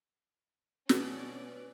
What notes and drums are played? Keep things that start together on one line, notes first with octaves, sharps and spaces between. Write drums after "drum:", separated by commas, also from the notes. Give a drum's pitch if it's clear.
B2 C#4 B4 D5, drum: snare